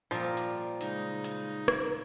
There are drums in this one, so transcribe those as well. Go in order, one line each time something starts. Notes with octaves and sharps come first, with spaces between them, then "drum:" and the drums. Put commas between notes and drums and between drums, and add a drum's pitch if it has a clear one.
A#2 F3 G3 A#4
drum: hi-hat
C#3 G#3 D#4, drum: hi-hat
drum: hi-hat
drum: rim click